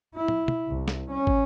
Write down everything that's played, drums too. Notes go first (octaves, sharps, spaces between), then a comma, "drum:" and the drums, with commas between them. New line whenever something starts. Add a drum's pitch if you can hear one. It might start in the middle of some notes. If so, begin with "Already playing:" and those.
E4
drum: tom
drum: tom
C2
drum: snare
C#4
drum: kick